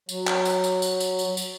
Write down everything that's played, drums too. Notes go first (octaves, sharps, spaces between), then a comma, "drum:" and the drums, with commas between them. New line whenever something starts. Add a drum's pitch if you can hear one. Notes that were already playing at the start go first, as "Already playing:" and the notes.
F#3, drum: tambourine
drum: clap
drum: tambourine
drum: tambourine
drum: tambourine
drum: tambourine
drum: tambourine
drum: tambourine